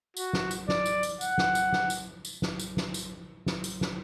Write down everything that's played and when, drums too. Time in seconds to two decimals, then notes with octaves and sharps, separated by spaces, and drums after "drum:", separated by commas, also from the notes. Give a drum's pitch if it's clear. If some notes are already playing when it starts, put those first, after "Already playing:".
0.17 F#4, drum: tambourine
0.33 drum: snare
0.51 drum: tambourine
0.69 D5, drum: snare
0.86 drum: tambourine
1.03 drum: tambourine
1.21 F#5, drum: tambourine
1.38 drum: snare
1.55 drum: tambourine
1.73 drum: snare
1.90 drum: tambourine
2.25 drum: tambourine
2.42 drum: snare
2.59 drum: tambourine
2.77 drum: snare
2.94 drum: tambourine
3.46 drum: snare
3.64 drum: tambourine
3.81 drum: snare